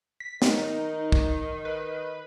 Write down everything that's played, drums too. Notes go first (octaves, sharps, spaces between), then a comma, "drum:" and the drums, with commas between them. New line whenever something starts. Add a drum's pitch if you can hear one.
B6
D#3 D#4, drum: snare
drum: kick
B4